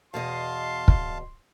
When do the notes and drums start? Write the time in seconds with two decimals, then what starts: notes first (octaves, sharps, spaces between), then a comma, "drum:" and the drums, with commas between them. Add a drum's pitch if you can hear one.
0.14 E2 B2 D#5 F5 A5 C6
0.88 drum: kick